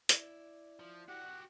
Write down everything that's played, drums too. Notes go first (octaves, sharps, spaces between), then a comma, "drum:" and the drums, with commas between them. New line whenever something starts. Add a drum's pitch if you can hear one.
E4 D5, drum: hi-hat
F3
F#4 G4 F#5